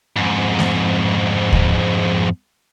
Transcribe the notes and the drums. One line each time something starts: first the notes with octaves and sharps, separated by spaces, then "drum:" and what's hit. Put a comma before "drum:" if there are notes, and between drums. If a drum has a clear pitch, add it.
F2 G#2
drum: snare A3
drum: kick D2